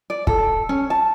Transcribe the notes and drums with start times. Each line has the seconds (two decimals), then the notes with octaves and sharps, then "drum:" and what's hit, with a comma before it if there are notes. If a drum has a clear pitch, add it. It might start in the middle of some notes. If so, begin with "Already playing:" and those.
0.10 D5
0.27 A4, drum: kick
0.69 C#4
0.90 A5